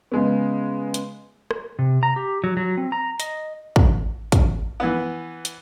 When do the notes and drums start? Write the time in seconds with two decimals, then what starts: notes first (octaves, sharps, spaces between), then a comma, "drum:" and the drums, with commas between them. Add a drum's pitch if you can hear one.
0.12 C#3 G#3 B3
0.94 drum: hi-hat
1.51 drum: rim click
1.79 C3
2.03 A#5
2.16 G4
2.44 F#3
2.57 F#3
2.77 C4
2.92 A#5
3.20 D#5, drum: hi-hat
3.76 drum: kick
4.32 drum: kick, hi-hat
4.80 E3 B3
5.45 drum: hi-hat